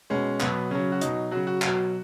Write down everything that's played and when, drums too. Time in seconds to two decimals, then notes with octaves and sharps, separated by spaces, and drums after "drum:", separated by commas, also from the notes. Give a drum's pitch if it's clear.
0.10 B2 G#3 C#4
0.40 B2 F#3 B3, drum: clap
0.71 C#3 F#3 C#4
0.92 F#4
1.01 B2 F#3 D#4, drum: hi-hat
1.31 C#3 F#3 F#4
1.47 F#4
1.62 B2 F#3 F#4, drum: clap